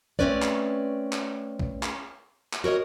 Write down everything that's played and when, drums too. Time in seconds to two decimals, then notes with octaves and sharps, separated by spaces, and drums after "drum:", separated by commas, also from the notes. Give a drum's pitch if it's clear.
0.19 A3 C4 C#4 B4 D5, drum: kick B1
0.42 drum: clap
1.13 drum: clap
1.60 drum: kick B1
1.83 drum: clap
2.53 drum: clap
2.64 F#4 A#4 C#5 D#5